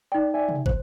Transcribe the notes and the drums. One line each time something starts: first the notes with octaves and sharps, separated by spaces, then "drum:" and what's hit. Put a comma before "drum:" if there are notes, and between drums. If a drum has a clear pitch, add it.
D#4 D5 G5
D5 E5 G#5
drum: tom
C2 C5, drum: kick